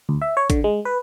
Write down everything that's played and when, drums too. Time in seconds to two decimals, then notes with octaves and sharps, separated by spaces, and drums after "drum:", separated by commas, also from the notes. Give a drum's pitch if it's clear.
0.09 D2
0.22 E5
0.37 C#5
0.50 D3, drum: kick, hi-hat
0.64 G#3
0.85 B4